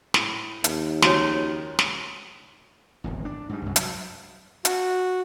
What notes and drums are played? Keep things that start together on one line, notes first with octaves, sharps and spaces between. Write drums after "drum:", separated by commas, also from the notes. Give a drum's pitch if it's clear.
A2, drum: snare
D#2, drum: hi-hat
C#2 D#3 F3 F#4 C#5, drum: snare
drum: snare
D1 G#1 E2
D4
G#2 G3
C2 F#2
F#3, drum: hi-hat
F#4, drum: hi-hat